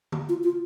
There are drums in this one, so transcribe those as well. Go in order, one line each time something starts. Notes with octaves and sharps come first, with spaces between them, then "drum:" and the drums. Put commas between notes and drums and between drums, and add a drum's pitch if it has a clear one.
drum: tom D3
F4
F4